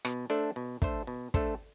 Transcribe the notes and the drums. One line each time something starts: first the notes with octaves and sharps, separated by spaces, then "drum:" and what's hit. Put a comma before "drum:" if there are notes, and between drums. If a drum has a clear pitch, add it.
B2, drum: rim click
A3 D4 A4 C5
B2
A3 D4 A4 C5, drum: kick
B2
A3 D4 A4 C5, drum: kick